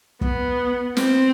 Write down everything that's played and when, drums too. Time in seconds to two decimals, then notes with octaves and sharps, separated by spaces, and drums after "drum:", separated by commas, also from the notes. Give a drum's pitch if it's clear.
0.21 B3, drum: kick
0.97 C4, drum: snare